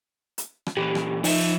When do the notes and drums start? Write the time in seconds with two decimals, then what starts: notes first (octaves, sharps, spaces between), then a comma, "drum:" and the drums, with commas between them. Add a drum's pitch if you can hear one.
0.38 drum: hi-hat
0.66 drum: rim click
0.77 A#2 E3 G4
0.95 drum: rim click
1.24 F3 D#4 E5, drum: open hi-hat